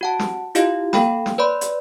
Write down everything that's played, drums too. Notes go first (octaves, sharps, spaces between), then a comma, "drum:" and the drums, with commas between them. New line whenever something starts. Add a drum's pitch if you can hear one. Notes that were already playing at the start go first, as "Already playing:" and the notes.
F#4 F#5 A5
drum: snare
E4 F4 G4 D#5 F5, drum: hi-hat
A#3 A4 F5 G5 B5, drum: snare
drum: snare
B4 C#5 D5 B5 C6
drum: hi-hat